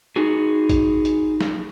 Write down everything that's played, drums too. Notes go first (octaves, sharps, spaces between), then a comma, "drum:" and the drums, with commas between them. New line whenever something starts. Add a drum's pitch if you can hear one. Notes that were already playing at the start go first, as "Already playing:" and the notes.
D#4 F#4 G#4
drum: kick A1, hi-hat
drum: hi-hat
drum: snare